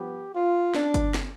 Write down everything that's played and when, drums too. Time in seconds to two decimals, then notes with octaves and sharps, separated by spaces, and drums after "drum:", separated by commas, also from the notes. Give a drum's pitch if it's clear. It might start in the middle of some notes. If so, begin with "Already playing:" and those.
Already playing: G2 F3 B3 G4
0.34 F4
0.75 D4, drum: snare
0.94 drum: kick G1, hi-hat
1.14 drum: snare